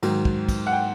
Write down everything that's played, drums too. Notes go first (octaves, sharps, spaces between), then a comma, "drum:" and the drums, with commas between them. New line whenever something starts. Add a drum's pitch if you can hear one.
G#2 D#3 F#3, drum: cymbal
drum: kick
drum: kick, cymbal
F#5
G5